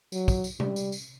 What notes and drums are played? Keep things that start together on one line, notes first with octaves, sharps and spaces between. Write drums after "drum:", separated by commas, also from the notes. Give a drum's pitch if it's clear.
F#3, drum: tambourine
drum: kick, tambourine
drum: tambourine
G3, drum: tom C3
drum: tambourine
drum: tambourine